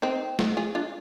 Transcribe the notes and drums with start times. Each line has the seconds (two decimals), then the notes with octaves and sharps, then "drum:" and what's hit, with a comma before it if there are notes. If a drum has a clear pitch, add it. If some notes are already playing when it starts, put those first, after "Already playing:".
0.02 C4 D#4
0.39 drum: snare
0.57 F4 G#4
0.75 D4 F4